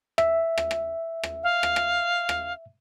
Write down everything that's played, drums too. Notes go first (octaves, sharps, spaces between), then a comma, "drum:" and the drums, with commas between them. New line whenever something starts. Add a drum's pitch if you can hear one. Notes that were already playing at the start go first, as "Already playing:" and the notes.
E5, drum: rim click
drum: rim click
drum: rim click
drum: rim click
F5
drum: rim click
drum: rim click
drum: rim click